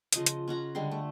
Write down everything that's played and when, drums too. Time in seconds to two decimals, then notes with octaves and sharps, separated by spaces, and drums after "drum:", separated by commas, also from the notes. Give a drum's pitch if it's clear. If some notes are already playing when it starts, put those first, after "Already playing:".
0.13 C#3 F3 D#5 C6, drum: hi-hat
0.26 drum: hi-hat
0.48 C#4 F4 F#5 A#5
0.75 D3 G3 G#3 C6
0.91 A3